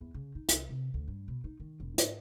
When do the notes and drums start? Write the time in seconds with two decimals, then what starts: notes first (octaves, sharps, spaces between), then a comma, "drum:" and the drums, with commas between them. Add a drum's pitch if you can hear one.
0.01 E2
0.14 C#3
0.35 D#4
0.49 C2, drum: hi-hat
0.69 C3
0.94 D2
1.08 G2
1.28 B2
1.44 D#4
1.60 D#3
1.80 E1
1.98 G#2, drum: hi-hat